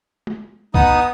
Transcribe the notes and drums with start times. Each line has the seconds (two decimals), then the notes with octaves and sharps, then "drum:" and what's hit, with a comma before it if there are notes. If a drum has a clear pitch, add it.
0.27 drum: tom G#3
0.74 B3 D#4 D#6, drum: kick B1